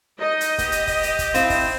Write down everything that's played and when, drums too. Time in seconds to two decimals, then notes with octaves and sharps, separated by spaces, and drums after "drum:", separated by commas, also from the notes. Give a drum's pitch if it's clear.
0.20 D#4 D#5
0.41 drum: hi-hat
0.58 B3 G4, drum: kick, hi-hat
0.72 drum: hi-hat
0.87 drum: kick, open hi-hat
1.03 drum: hi-hat
1.19 drum: kick, hi-hat
1.34 C4 E4 F5, drum: hi-hat
1.50 drum: kick, open hi-hat